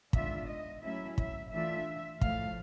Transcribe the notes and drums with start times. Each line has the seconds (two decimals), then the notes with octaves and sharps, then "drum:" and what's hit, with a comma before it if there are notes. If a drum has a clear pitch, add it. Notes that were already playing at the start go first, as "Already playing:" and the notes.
0.13 D#3 G#3 B3 D4 F4 E5, drum: kick
0.48 D#5
0.82 F#3 A3 C#4 E4 E5
1.18 E5, drum: kick
1.52 E3 A3 D4 F4 E5
2.21 A2 F3 A3 F5, drum: kick